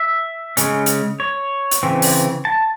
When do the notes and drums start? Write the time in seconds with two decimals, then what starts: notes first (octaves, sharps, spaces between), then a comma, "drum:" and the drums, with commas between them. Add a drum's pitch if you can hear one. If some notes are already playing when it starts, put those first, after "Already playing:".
Already playing: E5
0.57 C#3 G#3 C#4, drum: hi-hat
0.86 drum: hi-hat
1.20 C#5
1.71 drum: hi-hat
1.83 C#3 E3 C4
2.02 drum: open hi-hat
2.45 A5